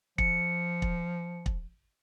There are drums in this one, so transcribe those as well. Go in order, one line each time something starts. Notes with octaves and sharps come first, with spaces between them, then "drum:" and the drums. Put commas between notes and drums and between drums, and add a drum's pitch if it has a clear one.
F3 C#7, drum: kick
drum: kick
drum: kick